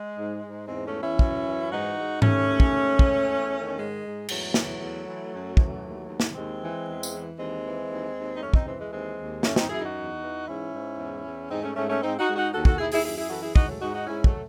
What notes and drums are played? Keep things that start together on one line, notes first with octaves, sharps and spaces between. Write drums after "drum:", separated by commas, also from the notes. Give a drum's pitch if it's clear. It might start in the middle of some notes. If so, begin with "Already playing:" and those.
Already playing: G#3
G#2
G#2
E2 G#3 C4
A3 C#4
E3
C#4 E4
F#2, drum: kick
E3
G#2 D#4 F#4
G#2
D#2 A3 C#4, drum: tom G#2
D#2
drum: kick
G#2
G#2, drum: kick
E2
D#3
G#2 G#3
G#2
E2 F#3 A3, drum: cymbal
E3, drum: snare
E2
E3
F#2
E3, drum: kick
D#2
D#2
drum: snare
D#2 G#3 C4
E3
E2
drum: tambourine
E3
D#2 G#3 C4
E3
D#2
D#2
D#4
F#2 A3 C#4
C4 D#4, drum: kick
E3 G#3 C4
G#3
D#2 G#3 C4
D#2
F#2 A3 C#4, drum: snare
C4 D#4, drum: snare
F#2 E4 G#4
D#4 F#4
E2
E3
G#2 C#4 E4
G#2
E2
E2
G#2 C4 D#4
A3 C#4
G#2 A3 C#4
A3 C#4
G#2 C4 D#4
D#4 F#4
G#2
D#4 F#4
D#2 F#4 A4
F#4 A4, drum: kick
D#2 E4 G#4
E4 G#4, drum: open hi-hat
F#2 E4 G#4
E4 G#4
E3 F#4 A4
E4 G#4
G#2 D#4 F#4, drum: kick
F#3 A3
G#2 D#4 F#4
D#4 F#4
G#2 C#4 E4
F#3 A3, drum: kick